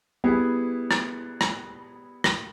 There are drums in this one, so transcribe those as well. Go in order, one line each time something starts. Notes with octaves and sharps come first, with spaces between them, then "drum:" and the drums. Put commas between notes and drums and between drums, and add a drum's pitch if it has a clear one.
G3 B3 E4 G#4
drum: rim click
drum: rim click
drum: rim click